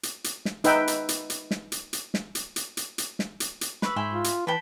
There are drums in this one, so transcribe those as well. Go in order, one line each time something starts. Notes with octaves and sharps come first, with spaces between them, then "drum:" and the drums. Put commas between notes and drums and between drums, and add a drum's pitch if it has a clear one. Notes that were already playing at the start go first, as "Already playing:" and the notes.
drum: hi-hat
drum: hi-hat
drum: snare
D#4 B4 E5 G5, drum: hi-hat
drum: hi-hat
drum: hi-hat
drum: hi-hat
drum: snare
drum: hi-hat
drum: hi-hat
drum: snare
drum: hi-hat
drum: hi-hat
drum: hi-hat
drum: hi-hat
drum: snare
drum: hi-hat
drum: hi-hat
B4 B5 C#6 E6, drum: snare
G#2 E5 G5 G#5 C6
F4
drum: hi-hat
E3 B4 G5 A5 B5